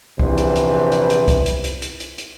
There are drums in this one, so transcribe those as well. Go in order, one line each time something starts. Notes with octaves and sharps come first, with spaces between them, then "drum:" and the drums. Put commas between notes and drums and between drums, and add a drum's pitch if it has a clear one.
A#1 E2 C3 E3 B4 C5, drum: kick C2
drum: hi-hat
drum: hi-hat
drum: hi-hat
drum: hi-hat
drum: kick C2, hi-hat
drum: hi-hat
drum: hi-hat
drum: hi-hat
drum: hi-hat
drum: hi-hat